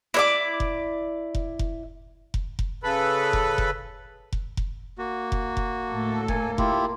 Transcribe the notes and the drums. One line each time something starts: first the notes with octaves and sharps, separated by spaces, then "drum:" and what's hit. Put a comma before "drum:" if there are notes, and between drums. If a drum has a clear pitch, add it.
E4 D5 D6
drum: kick F1
drum: kick F1
drum: kick F1
drum: kick F1
drum: kick F1
C#3 A4 B4 B5
drum: kick F1
drum: kick F1
drum: kick F1
drum: kick F1
A#3 F#4
drum: kick F1
drum: kick F1
D2 A2 A4
A#3 G#5, drum: kick F1
E4 F4 G4, drum: kick F1